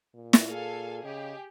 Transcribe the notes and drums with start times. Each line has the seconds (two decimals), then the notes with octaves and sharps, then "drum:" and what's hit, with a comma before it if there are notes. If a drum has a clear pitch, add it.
0.15 A#2
0.33 drum: snare
0.49 G#4 A4 F5 G#5
1.04 C#3 G4 G#4 D#5